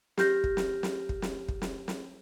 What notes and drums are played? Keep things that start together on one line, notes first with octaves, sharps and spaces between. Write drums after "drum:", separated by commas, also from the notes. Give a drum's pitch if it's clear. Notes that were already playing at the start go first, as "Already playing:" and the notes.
G4 F6 G6 A#6, drum: snare
drum: kick
drum: snare
drum: snare
drum: kick
drum: snare
drum: kick
drum: snare
drum: snare